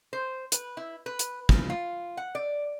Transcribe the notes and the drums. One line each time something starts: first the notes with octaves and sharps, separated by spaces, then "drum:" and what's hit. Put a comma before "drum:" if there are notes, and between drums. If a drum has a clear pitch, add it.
C5
B4, drum: hi-hat
E4
B4
drum: hi-hat
C#3, drum: kick
F4
F#5
D5